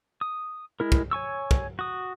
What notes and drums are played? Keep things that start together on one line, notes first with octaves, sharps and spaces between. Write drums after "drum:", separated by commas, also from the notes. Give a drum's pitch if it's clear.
D#6
G#3 E4 A#4
drum: kick
C#5 G#5 C#6 E6
drum: kick
F#4 D#6